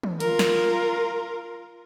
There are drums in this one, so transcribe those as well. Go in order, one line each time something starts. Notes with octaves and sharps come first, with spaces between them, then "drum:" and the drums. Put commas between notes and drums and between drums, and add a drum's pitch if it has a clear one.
drum: tom
F4 A#4, drum: hi-hat
drum: snare